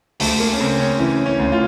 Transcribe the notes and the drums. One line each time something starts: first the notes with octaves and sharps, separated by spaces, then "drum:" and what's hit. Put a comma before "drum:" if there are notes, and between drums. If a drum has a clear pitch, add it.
D2 A3, drum: open hi-hat
A#3
C#4
C#3 C4
C#4
E3 C#4
C#4
D2
F4